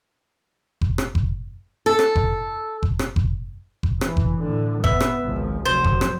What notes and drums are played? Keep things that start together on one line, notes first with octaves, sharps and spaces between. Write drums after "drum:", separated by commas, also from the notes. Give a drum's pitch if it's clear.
drum: kick F#1
drum: rim click
drum: kick F#1
A4
drum: rim click
drum: kick F#1
drum: kick F#1
drum: rim click
drum: kick F#1
drum: kick F#1
E3, drum: rim click
drum: kick F#1
A2 D3
B3 E5, drum: kick F#1
drum: rim click
G#1 C#2 F3
F1 F#3 C5
drum: kick F#1
drum: rim click